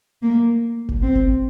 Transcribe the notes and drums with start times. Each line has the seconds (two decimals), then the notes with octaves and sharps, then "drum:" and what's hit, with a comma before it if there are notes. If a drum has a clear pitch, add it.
0.22 A#3
0.89 drum: kick F#1
1.03 C4
1.15 drum: kick F#1